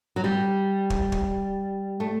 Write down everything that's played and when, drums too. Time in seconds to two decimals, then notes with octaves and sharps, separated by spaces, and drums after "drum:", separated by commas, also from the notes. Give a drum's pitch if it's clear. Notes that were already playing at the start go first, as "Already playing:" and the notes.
0.16 F#3
0.24 G3
0.90 drum: kick
1.12 drum: kick
2.00 A3